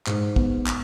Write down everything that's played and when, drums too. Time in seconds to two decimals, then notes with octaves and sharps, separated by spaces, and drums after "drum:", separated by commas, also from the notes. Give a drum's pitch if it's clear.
0.07 G#2, drum: clap
0.36 B3, drum: kick
0.67 drum: clap